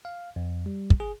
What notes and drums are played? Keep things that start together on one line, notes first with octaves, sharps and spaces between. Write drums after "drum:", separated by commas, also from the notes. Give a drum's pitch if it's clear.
F5
F2
G3
drum: kick
G#4